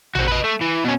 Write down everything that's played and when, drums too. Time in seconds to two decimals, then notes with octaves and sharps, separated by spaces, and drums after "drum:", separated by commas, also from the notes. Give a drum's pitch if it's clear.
0.15 C4 F#4, drum: tom A1
0.28 B4 D#5
0.44 A3
0.61 E3
0.84 B2 C#4